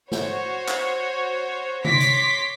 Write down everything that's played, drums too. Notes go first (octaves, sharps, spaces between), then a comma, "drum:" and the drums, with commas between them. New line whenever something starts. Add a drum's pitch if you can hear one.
F#4 C5 C#5, drum: snare
drum: clap
C#5 C6 D6 A#6 B6, drum: tom C3
drum: hi-hat